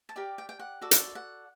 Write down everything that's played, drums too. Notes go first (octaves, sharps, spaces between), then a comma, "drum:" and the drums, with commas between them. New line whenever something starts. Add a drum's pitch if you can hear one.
A5
G4 A#4 D5 G5
G5
G5
F#5
F#4 A4 D5
drum: hi-hat
F#5